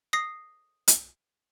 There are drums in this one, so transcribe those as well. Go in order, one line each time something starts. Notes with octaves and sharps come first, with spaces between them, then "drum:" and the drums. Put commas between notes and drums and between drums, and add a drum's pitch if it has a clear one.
D#6 A#6 C7
drum: hi-hat